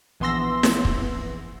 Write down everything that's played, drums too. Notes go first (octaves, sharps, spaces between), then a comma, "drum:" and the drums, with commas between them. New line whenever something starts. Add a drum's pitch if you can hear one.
A#1 E3 B3 C6 E6 A#6
drum: snare
drum: kick